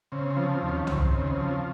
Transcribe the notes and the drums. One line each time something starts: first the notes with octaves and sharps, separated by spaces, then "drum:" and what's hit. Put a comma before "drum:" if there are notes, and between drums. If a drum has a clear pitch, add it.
C#3 C4
C4
F3
C4
D#2
C#4
D#2 C4, drum: tom C2
C#3
C4
F3